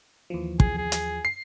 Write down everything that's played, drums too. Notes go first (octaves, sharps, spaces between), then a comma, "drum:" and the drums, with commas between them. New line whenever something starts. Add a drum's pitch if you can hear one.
D#2 E3 F3
G#4, drum: kick
G#4
drum: hi-hat
C7